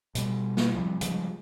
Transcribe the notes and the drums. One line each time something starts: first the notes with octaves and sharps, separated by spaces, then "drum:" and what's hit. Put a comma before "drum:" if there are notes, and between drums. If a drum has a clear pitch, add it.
B2 G3, drum: hi-hat
drum: snare
C3 F3 G3
C#3 F3 G3 G#3, drum: hi-hat